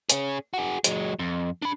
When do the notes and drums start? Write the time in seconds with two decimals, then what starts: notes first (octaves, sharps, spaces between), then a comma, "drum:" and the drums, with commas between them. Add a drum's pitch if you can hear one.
0.10 C#4 G#4, drum: hi-hat
0.54 F#4 G#4
0.84 F#3 G#3, drum: hi-hat
1.19 F2
1.62 D4 B5